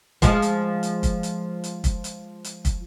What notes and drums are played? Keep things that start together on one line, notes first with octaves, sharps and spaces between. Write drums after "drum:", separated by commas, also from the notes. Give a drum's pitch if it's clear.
F3 G#3, drum: kick, hi-hat
drum: hi-hat
drum: hi-hat
drum: kick, hi-hat
drum: hi-hat
drum: hi-hat
drum: kick, hi-hat
drum: hi-hat
drum: hi-hat
drum: kick, hi-hat